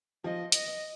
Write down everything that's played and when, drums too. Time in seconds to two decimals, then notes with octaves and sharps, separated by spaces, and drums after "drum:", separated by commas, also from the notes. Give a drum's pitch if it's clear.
0.24 F3 D#5
0.52 D#5, drum: hi-hat